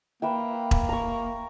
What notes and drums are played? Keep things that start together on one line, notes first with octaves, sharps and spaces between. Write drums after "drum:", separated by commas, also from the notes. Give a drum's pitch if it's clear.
A#3 B4 E5 G5
drum: kick E1
A#5 C#6